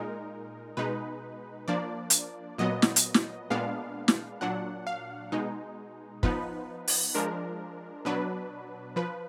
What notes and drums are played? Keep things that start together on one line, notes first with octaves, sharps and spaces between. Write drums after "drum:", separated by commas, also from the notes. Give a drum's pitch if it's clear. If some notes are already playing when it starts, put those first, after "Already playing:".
Already playing: A#2 G#3 D#4 A#4
B2 G#3 D#4 B4
F3 A#3 D4 D5
drum: hi-hat
A#2 F#3 B3 D#5
drum: snare
drum: hi-hat
drum: snare
A#2 G#3 B3 D4 F5
drum: snare
A#2 F#3 D4 F#5
F5
B2 G#3 D#4
F3 B3 D#4 B4, drum: kick
drum: open hi-hat
F3 G#3 D4 A#4
B2 F#3 D4 B4
F3 B4